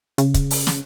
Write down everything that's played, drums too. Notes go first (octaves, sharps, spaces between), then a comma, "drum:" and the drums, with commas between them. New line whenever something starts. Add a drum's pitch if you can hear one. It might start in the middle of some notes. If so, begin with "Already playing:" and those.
C#3, drum: hi-hat
drum: kick, hi-hat
drum: open hi-hat
drum: snare